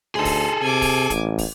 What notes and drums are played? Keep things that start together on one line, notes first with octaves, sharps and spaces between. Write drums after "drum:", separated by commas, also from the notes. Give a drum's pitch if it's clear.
D2 D#4 G#4 A4 C6
drum: kick, open hi-hat
C3 G#5 D6
drum: kick, open hi-hat
A1, drum: kick, hi-hat
drum: kick, open hi-hat